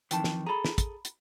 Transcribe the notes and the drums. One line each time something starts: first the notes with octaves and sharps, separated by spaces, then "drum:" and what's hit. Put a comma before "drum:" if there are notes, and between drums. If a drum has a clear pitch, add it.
F2 D#3 E3 G5 A5, drum: hi-hat
drum: snare
G#4 A4 A#5 B5
drum: snare
drum: kick, hi-hat
drum: hi-hat